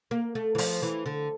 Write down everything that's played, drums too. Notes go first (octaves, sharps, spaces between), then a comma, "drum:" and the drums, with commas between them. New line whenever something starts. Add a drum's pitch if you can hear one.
A#3
A3
E3
F3, drum: open hi-hat
E3
D3